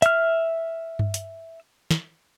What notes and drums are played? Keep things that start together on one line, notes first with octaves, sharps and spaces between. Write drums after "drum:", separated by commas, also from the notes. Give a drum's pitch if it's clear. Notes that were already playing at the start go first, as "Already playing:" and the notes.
E5 F6, drum: hi-hat
drum: tom G2
drum: hi-hat
drum: snare